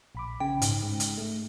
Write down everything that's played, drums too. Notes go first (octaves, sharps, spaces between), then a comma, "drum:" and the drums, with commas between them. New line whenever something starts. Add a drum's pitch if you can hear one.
A#1 B5 D6
C#3 G5
G#2, drum: hi-hat
G#3
drum: hi-hat
A3